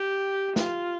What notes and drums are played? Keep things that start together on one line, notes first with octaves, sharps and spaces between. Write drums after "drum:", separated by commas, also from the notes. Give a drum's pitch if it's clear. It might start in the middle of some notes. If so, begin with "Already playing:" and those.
Already playing: G4
F4, drum: snare